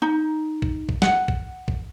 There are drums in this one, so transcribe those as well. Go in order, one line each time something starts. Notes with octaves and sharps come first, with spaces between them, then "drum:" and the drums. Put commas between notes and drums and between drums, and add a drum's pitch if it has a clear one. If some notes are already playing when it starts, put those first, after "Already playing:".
D#4
drum: kick
drum: kick
F#5, drum: snare
drum: kick
drum: kick